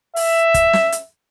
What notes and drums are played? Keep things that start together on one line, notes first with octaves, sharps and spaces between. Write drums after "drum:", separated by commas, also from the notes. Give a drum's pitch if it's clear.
E5, drum: open hi-hat
drum: kick, hi-hat
drum: snare
drum: hi-hat